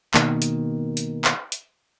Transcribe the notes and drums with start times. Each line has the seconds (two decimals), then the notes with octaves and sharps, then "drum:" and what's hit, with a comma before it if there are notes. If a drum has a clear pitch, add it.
0.14 B2 D#3 A#3, drum: clap
0.42 drum: hi-hat
0.97 drum: hi-hat
1.24 drum: clap
1.52 drum: hi-hat